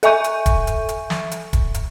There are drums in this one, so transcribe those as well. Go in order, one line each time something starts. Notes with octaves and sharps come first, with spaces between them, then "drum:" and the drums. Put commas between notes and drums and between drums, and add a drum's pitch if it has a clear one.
A4 E5 G#5 C#6 G6 D#7, drum: hi-hat
drum: hi-hat
drum: kick D#1, hi-hat
drum: hi-hat
drum: hi-hat
drum: snare
drum: hi-hat
drum: kick D#1, hi-hat
drum: hi-hat